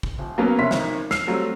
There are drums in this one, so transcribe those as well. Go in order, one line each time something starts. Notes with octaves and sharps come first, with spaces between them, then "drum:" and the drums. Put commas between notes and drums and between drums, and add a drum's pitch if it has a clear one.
drum: kick
D#1
F#3 A#3 B3 C#4 C#5
F1 C#4 E5 C6 B6
G#1 D#3, drum: snare
E6 F6 C7, drum: snare
F#3 G3 A3 C4